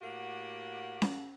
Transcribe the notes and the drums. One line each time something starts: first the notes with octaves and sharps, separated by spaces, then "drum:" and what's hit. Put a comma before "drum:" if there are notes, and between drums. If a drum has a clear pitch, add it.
A2 A#3 F#4 G4 F#5
drum: snare C#4